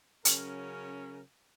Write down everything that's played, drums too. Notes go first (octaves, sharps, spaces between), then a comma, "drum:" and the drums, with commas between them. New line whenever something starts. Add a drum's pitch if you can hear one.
C#3 F#3 C#4 A#4, drum: hi-hat